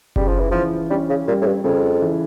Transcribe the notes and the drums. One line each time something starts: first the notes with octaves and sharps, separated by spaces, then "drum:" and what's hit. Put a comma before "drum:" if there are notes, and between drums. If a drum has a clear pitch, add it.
C#3 G3, drum: kick F#1
F3
E3
E3 F3
G3 C#4
C#3
A#2 G3
A2
G2
F2 C#3
E3